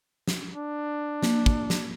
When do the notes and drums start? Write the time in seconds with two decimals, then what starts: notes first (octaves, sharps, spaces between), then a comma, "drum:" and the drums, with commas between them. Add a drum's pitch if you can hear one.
0.28 drum: snare
0.55 D4
1.23 A#3, drum: snare
1.46 drum: kick
1.70 drum: snare